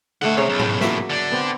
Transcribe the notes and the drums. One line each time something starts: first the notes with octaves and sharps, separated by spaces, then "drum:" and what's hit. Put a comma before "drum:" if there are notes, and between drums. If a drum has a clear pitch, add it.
D3 A3 D#5 F#5
C3 C#4 G#4 C#5
B1 A2
drum: tom G#2
F#3 A#3 E5, drum: snare
D3 D5
B3 C4